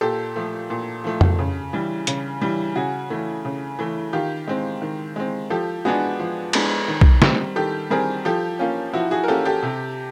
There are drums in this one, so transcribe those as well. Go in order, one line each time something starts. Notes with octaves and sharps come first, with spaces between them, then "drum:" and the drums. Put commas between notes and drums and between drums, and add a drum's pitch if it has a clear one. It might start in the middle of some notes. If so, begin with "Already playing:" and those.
A#2 G4 A4
F3 A3
A#2
F3 A3
drum: tom F2
C#3
E3 G3
C#3, drum: hi-hat
E3 G3
C#3 F#4 G#4
E3 A3
C#3
E3 A3
D#3 F4 G4
G#3 C4
D#3
G#3 C4
F3 G4 A4
G#3 B3 D4 F#4 G#4
F3
G#3 B3 D4, drum: cymbal
D#3
drum: kick B1
G3 C4, drum: snare
D#3 G4 A4
G3 C4 G#4 A#4
F3 G4 A4
A#3 C#4 F4
F3 E4 F#4
F#4 G#4
A#4
A#3 C#4 G4 A4
G4 A4
C3